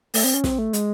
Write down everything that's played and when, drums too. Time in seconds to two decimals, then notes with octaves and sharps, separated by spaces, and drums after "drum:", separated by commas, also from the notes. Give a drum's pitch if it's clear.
0.14 A3, drum: open hi-hat
0.24 C4
0.34 C#4
0.44 C4, drum: snare
0.58 A3
0.73 G#3, drum: hi-hat